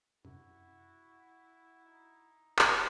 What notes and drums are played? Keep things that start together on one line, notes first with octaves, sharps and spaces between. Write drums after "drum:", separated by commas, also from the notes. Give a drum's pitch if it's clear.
F#2 C3 E4 F#4
D#4
drum: clap